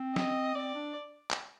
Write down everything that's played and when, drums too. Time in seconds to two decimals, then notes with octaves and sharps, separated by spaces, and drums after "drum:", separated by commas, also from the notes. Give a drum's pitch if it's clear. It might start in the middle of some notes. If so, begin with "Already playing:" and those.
Already playing: C4
0.16 D#5, drum: snare
0.55 C4 D5
0.74 D4
1.31 drum: clap